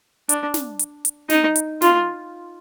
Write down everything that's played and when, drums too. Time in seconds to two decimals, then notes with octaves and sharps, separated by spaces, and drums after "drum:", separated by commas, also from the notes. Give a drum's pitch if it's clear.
0.29 D4, drum: hi-hat
0.54 drum: snare
0.79 drum: hi-hat
1.05 drum: hi-hat
1.30 D#4, drum: snare
1.56 drum: hi-hat
1.82 F4, drum: snare